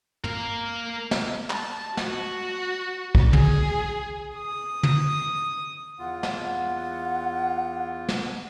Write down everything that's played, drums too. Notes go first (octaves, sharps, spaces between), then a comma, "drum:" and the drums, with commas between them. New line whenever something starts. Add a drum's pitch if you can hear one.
A#3 A#4, drum: tom
drum: snare
A5, drum: clap
F#4, drum: snare
drum: kick
G#4, drum: tom
D#6
drum: tom
E2 F4 F#5
drum: snare
drum: snare